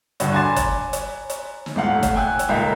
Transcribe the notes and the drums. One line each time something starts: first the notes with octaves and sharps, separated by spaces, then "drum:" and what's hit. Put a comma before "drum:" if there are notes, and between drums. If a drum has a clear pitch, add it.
G2 D3 F#4, drum: hi-hat
G#5 A#5 C6 D6 A6 E7
drum: kick, hi-hat
drum: hi-hat
drum: hi-hat
drum: snare
D#1 G#2 A3 F5 F#5
drum: kick, hi-hat
G5 G#5 E6 F#6
drum: hi-hat
D#1 C#2 D#4 A#4 E5 F5